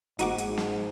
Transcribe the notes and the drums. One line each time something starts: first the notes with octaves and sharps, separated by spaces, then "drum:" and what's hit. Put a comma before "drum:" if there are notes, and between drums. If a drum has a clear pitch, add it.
G#2 D#4 F#4 D6, drum: hi-hat
drum: hi-hat
drum: snare